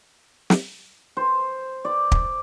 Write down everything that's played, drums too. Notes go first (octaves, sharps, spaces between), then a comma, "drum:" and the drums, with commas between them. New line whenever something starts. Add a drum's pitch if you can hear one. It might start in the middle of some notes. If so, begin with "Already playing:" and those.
drum: snare
C5
D5
drum: kick